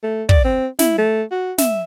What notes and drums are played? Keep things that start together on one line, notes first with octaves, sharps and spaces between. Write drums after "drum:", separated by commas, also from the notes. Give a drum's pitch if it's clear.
A3
D5, drum: kick
C4
E4, drum: snare
A3
F#4
E5, drum: snare